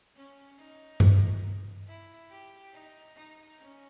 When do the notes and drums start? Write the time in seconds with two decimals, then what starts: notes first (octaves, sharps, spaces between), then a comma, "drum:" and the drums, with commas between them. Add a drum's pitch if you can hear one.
0.16 C#4
0.58 D#4
1.00 drum: tom G2
1.87 E4
2.30 G4
2.73 D#4
3.15 D#4
3.58 C#4